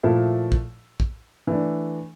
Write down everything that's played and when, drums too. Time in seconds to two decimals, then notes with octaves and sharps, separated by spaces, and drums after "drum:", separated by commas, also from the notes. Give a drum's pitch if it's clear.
0.03 A#2 F3 A3 E4 A4
0.52 drum: kick
1.00 drum: kick
1.47 E3 A3 D4